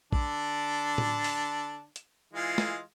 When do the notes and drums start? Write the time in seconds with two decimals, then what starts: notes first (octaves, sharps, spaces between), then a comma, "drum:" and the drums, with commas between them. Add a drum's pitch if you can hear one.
0.13 D3 D4, drum: kick A#1
0.98 drum: tom A2
1.24 drum: open hi-hat
1.96 drum: hi-hat
2.33 E3 G#3 F4
2.58 drum: snare